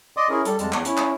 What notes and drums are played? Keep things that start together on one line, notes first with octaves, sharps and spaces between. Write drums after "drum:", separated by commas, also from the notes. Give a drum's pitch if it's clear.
D5 D#5 C6 D6 D#6
C#4 E4 G#4 A#4
G3 A4, drum: hi-hat
F2 G3 G#3 A5, drum: hi-hat
E2, drum: clap
C#4 E4, drum: hi-hat
drum: clap